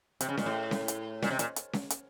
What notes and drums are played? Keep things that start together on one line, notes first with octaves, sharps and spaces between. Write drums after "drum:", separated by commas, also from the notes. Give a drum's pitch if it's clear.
C3, drum: hi-hat
C#3
A#2, drum: snare C#4
A2
drum: snare C#4
drum: hi-hat
A#2, drum: snare C#4
C3
A#2, drum: hi-hat
drum: hi-hat
drum: snare C#4
drum: hi-hat